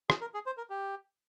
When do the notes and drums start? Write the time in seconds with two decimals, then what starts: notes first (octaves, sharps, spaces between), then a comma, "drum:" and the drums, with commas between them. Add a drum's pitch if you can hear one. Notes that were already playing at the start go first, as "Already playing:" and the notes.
0.10 G#4, drum: rim click
0.21 A#4
0.34 G#4
0.46 C5
0.57 A#4
0.70 G4